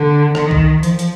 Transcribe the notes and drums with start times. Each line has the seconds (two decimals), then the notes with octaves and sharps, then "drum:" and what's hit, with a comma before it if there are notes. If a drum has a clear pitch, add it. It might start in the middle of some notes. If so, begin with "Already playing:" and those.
Already playing: D3
0.35 D#3, drum: rim click
0.51 drum: kick C2
0.83 F3, drum: hi-hat
0.99 drum: hi-hat